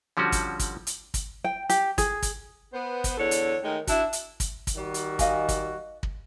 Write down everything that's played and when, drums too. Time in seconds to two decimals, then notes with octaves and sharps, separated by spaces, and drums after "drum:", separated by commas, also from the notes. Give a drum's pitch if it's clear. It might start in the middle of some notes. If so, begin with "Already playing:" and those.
0.17 D3 F3 G3 C#4 F#4
0.32 drum: kick, hi-hat
0.59 drum: kick, hi-hat
0.87 drum: hi-hat
1.14 drum: kick, hi-hat
1.44 G5
1.70 G4, drum: hi-hat
1.98 G#4, drum: kick, hi-hat
2.23 drum: kick, hi-hat
2.73 B3 C5
3.04 drum: kick, hi-hat
3.18 E2 D3 A4 C#5
3.31 drum: hi-hat
3.63 D#3 G#3 A3 A#4
3.87 D4 E4 F#4 E5, drum: kick, hi-hat
4.13 drum: hi-hat
4.40 drum: kick, hi-hat
4.67 drum: kick, hi-hat
4.76 D#3 G3 F#4
4.94 drum: hi-hat
5.19 D#5 F5 G#5, drum: kick, hi-hat
5.49 drum: kick, hi-hat
6.03 drum: kick